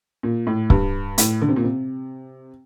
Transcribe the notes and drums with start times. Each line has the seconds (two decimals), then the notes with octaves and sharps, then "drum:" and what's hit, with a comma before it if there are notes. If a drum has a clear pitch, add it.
0.23 A#2
0.47 A2
0.70 G2, drum: kick C#1
1.18 A2, drum: hi-hat
1.42 D3
1.49 C3
1.56 A#2
1.64 C3